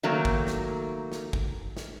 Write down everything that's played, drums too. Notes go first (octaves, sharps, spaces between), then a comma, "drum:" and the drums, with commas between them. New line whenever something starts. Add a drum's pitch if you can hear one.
D#3 F#3 A3 A#3
drum: kick G#1
drum: snare
drum: snare
drum: kick G#1
drum: snare